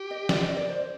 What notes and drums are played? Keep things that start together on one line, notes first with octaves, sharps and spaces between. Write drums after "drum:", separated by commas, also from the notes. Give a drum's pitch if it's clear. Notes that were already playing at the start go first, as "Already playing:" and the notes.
Already playing: G4
D#5
D5, drum: snare
D#5
D5
C5